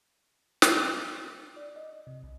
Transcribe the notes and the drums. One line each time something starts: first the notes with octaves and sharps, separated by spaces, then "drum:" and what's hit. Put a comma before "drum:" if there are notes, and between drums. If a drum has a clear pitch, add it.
drum: snare
D5
D#5
C3
C2